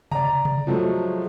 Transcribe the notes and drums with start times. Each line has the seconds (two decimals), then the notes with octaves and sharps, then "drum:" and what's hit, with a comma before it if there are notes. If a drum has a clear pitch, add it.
0.12 D5 A#5, drum: tom C3
0.45 drum: tom C3
0.67 F3 F#3 G#3 A3